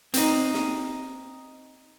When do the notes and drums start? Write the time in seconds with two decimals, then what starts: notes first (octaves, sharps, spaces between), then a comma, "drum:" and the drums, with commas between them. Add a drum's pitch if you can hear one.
0.14 C4 D#4, drum: hi-hat
0.54 drum: snare